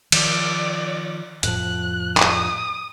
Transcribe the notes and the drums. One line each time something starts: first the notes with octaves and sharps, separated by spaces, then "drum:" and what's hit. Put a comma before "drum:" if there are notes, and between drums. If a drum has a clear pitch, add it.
D#3 F3 D5, drum: cymbal
F2 A2 F3 F#6, drum: hi-hat
D#6, drum: clap